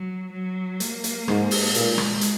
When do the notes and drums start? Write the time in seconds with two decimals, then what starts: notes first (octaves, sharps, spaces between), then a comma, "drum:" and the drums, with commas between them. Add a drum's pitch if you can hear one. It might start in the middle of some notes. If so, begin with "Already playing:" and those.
Already playing: F#3
0.33 F#3
0.80 A#3, drum: hi-hat
1.04 drum: hi-hat
1.28 G#2, drum: rim click
1.51 drum: open hi-hat
1.74 A#2 G#3, drum: hi-hat
1.98 drum: rim click
2.21 drum: hi-hat